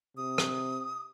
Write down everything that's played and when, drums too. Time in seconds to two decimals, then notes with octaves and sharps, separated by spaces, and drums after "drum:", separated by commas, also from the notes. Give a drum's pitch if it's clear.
0.17 C3 D#6
0.38 drum: rim click